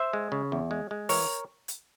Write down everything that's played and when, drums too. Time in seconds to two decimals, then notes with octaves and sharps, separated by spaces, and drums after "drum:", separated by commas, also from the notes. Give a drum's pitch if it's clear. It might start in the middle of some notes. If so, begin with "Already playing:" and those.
Already playing: C5 E5
0.13 G#3
0.32 C#3
0.52 E2
0.71 G#3
0.91 G#3
1.09 E3 A#4 C#5, drum: open hi-hat
1.68 drum: hi-hat